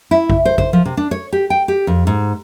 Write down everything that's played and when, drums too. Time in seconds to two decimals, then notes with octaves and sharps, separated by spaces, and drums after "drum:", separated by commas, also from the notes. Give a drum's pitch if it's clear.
0.11 E4
0.30 drum: kick
0.45 C5
0.58 C5, drum: kick
0.73 F3
0.85 C3
0.97 D4
1.11 C#5
1.33 G4
1.50 G5
1.68 G4
1.87 F2
2.07 G#2